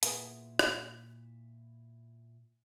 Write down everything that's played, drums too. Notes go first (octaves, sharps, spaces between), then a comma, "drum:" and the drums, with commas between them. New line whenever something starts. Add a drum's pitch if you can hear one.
A#2 A#3 B3 E4 G#4, drum: hi-hat
drum: rim click